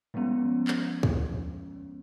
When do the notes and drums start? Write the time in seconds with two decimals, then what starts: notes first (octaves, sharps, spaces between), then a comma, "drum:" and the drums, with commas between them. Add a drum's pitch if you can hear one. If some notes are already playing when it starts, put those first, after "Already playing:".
0.14 F3 G3 G#3 B3 C#4
0.68 drum: clap
1.03 drum: kick